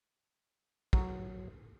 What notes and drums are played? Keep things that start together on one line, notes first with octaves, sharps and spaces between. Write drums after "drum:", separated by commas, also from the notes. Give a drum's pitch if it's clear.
F#3, drum: kick